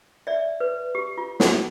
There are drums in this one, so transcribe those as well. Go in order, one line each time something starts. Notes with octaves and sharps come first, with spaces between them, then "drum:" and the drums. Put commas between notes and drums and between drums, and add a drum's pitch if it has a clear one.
D5 E5
B4
G4
F4
F#4, drum: snare